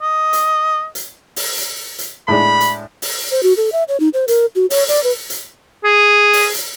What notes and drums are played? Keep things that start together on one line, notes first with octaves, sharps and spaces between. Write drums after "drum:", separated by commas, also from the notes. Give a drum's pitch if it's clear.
D#5
drum: hi-hat
drum: hi-hat
drum: open hi-hat
drum: hi-hat
drum: hi-hat
A2 G#3 D4 B5
drum: hi-hat
drum: open hi-hat
C5
F#4
A4
E5
C#5
D#4
C5
A#4, drum: hi-hat
F#4
C#5, drum: open hi-hat
D5, drum: hi-hat
B4
drum: hi-hat
G#4
drum: open hi-hat
drum: hi-hat